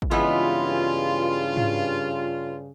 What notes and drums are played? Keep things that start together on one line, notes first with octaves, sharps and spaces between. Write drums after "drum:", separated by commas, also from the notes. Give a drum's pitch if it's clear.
drum: kick
G2 C#3 E3 G#3 B3 F4
drum: tom G#2